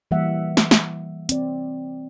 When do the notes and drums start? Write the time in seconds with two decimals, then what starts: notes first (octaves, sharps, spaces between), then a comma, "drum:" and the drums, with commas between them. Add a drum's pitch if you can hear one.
0.11 E3 G3 A#3 E5 F#5
0.57 drum: snare
0.71 drum: snare
1.29 C4 D5, drum: hi-hat